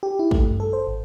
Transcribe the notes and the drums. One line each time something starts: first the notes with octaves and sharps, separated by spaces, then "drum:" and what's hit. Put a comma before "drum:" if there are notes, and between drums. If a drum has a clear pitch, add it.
G4
E4
A3, drum: kick
G2
A4
C5
G#1